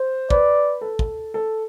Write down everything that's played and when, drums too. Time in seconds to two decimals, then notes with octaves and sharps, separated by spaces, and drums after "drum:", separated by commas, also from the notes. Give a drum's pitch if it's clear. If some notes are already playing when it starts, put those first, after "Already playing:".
Already playing: C5
0.30 B4 D5, drum: kick
0.81 A4
0.99 drum: kick
1.34 A4